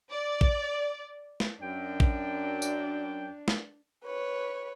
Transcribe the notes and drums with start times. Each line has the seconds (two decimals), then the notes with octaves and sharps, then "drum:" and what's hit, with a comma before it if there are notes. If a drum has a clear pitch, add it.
0.10 D5
0.41 drum: kick
1.40 drum: snare
1.61 F#2 D4 G5
2.00 drum: kick
2.62 drum: tambourine
3.48 drum: snare
4.04 B4 C#5